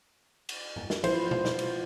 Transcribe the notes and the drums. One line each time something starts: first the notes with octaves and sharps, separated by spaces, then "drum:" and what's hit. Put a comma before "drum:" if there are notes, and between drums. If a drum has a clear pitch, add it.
drum: cymbal
drum: tom G#2
drum: snare
F3 E4 B4 C5, drum: cymbal
drum: tom B2
drum: snare
drum: cymbal